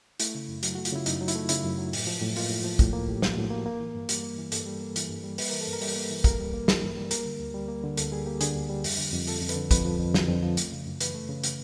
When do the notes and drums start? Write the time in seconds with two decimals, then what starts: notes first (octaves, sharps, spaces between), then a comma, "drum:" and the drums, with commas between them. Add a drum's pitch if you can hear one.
0.20 A3 E4, drum: hi-hat
0.35 C#3
0.48 F#2
0.63 F#3, drum: hi-hat
0.75 A3 F#4
0.85 F4, drum: hi-hat
0.92 C#3 E4
1.06 F#2 D#4, drum: hi-hat
1.21 F#3
1.28 E4, drum: hi-hat
1.35 A3
1.49 C#3 E4, drum: hi-hat
1.64 F#2
1.78 F#3
1.93 A2, drum: open hi-hat
2.07 F3
2.22 A2
2.36 A#3 F4, drum: open hi-hat
2.50 A2
2.64 F3
2.79 A2, drum: kick, hi-hat
2.93 A#3
3.08 A2 G4
3.22 F3 F#4, drum: snare
3.37 A2
3.51 A#3
3.66 A#3
3.80 E3
3.95 G2
4.09 G3, drum: hi-hat
4.23 A#3
4.38 E3
4.52 G2 A4, drum: hi-hat
4.66 G3
4.81 A#3
4.96 E3, drum: hi-hat
5.09 G2
5.24 G3
5.38 A#3 B4, drum: open hi-hat
5.50 E3 A#4
5.61 A4
5.67 G2
5.73 A#4
5.81 G3, drum: open hi-hat
5.96 A#3
6.10 E3
6.24 G2 A#4, drum: kick, hi-hat
6.39 G3
6.54 A#3
6.68 E3, drum: snare
6.83 G2
6.97 G3
7.11 A#3 A#4, drum: hi-hat
7.25 D3
7.40 D2
7.54 G3
7.68 A#3
7.84 D3
7.97 D2 A4, drum: hi-hat
8.12 G3 G#4
8.26 A#3 G4
8.41 D3 G#4, drum: hi-hat
8.55 D2
8.69 G3
8.84 F2, drum: open hi-hat
8.98 D3
9.12 F2
9.27 F3 A4, drum: open hi-hat
9.42 F2
9.49 B4, drum: hi-hat
9.56 D3
9.71 F2 B4, drum: kick, hi-hat
9.85 F3
10.00 F2
10.14 D3, drum: snare
10.28 F2
10.42 F3
10.57 A3, drum: hi-hat
10.72 C#3
10.86 F#2
11.01 E3 B4, drum: hi-hat
11.14 A3
11.29 C#3
11.44 drum: hi-hat